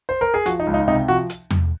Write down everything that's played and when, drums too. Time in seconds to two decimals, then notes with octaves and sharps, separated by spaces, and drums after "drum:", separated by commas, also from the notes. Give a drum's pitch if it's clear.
0.09 C5
0.21 A#4
0.34 G#4
0.46 F3 F#4, drum: hi-hat
0.60 D#4
0.67 C#2
0.74 D#4
0.88 C3 D#4
1.08 F3 F#4
1.30 drum: hi-hat
1.50 drum: tom E2